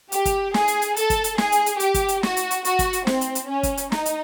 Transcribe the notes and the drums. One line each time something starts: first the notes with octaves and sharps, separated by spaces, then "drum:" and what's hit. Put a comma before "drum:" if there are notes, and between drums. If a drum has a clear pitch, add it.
G4, drum: hi-hat
drum: kick, hi-hat
G#4, drum: snare
drum: hi-hat
drum: hi-hat
A4, drum: hi-hat
drum: kick, hi-hat
drum: hi-hat
G#4, drum: snare
drum: hi-hat
drum: hi-hat
G4, drum: hi-hat
drum: kick, hi-hat
drum: hi-hat
F#4, drum: snare
drum: hi-hat
drum: hi-hat
F#4, drum: hi-hat
drum: kick, hi-hat
drum: hi-hat
C4, drum: snare
drum: hi-hat
drum: hi-hat
C#4
drum: kick, hi-hat
drum: hi-hat
D#4, drum: snare
drum: hi-hat